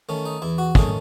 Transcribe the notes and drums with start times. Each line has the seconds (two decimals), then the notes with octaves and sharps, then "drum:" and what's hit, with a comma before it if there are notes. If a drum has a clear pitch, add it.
0.09 D#3 A3 C#4
0.25 D#4
0.42 E2 E4
0.58 F#4
0.75 D#3 A3 C#4 G#4, drum: kick